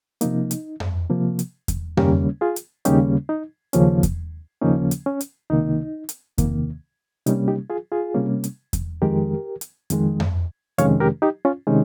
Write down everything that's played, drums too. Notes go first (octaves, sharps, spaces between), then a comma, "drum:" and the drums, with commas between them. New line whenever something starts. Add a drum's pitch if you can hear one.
C3 F3 A#3 D#4, drum: hi-hat
drum: hi-hat
drum: tom F2
C3 F3 A#3
drum: hi-hat
drum: kick E2, hi-hat
D#2 C#3 G3 A#3 C#4 G4 A#4, drum: tom F2
F4 G#4
drum: hi-hat
D#2 C#3 G3 A#3 C#4 D#4 G4, drum: hi-hat
D#4
D#2 C#3 F3 A#3 C#4, drum: hi-hat
drum: kick E2, hi-hat
D#2 C#3 F3 A#3 C#4 D#4
drum: hi-hat
C#4
drum: hi-hat
C#2 C3 D#3 A#3 D#4
drum: hi-hat
C#2 C3 D#3 A#3, drum: kick E2, hi-hat
C3 G3 A#3 C#4 D#4, drum: hi-hat
D#4 G4
F4 G#4
F4 G#4
C3 G3 A#3 C#4
drum: hi-hat
drum: kick E2, hi-hat
F2 D#3 G#3 G4 A#4
drum: hi-hat
F2 D#3 G#3, drum: hi-hat
drum: tom F2
F2 C3 D#3 G#3 C#4 C#5 F5, drum: hi-hat
G4 A#4
D#4 G4
C#4 F4
C3 D#3 G#3 C#4 D#4